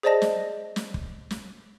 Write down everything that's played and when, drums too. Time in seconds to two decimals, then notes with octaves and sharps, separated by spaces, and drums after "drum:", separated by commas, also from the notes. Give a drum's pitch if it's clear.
0.03 G#4 C5 D5 D#5 A5 A#6
0.22 drum: snare
0.76 drum: snare
0.94 drum: kick
1.31 drum: snare